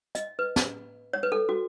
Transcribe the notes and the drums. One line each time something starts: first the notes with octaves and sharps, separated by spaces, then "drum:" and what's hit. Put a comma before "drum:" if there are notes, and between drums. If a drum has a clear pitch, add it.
D#5, drum: hi-hat
B4
drum: snare
C#5
B4
A4
F#4